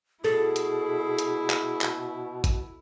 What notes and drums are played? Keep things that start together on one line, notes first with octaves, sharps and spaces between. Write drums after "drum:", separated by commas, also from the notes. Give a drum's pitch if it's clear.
B2 E4 G#4 A4
drum: hi-hat
drum: hi-hat
drum: clap
drum: clap
drum: kick, hi-hat